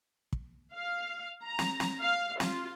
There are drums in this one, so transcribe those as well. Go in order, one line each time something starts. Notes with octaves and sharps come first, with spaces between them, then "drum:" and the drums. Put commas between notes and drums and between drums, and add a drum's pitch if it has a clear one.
drum: kick
F5
A#5
drum: snare
drum: snare
F5
F4, drum: snare